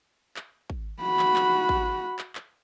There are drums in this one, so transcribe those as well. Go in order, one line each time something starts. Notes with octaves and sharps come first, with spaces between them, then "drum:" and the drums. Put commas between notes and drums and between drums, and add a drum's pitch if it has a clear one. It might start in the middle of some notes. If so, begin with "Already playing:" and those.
drum: clap
drum: kick
F#4 B5
drum: clap
drum: clap
drum: kick
drum: clap
drum: clap